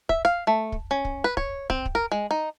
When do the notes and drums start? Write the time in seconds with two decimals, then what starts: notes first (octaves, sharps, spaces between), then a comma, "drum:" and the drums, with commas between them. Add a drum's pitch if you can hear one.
0.09 E5, drum: kick
0.25 F5
0.47 A3
0.72 drum: kick
0.91 C#4
1.05 drum: kick
1.24 B4
1.37 C#5, drum: kick
1.70 C4, drum: kick
1.85 drum: kick
1.95 A#4
2.12 G#3
2.31 D#4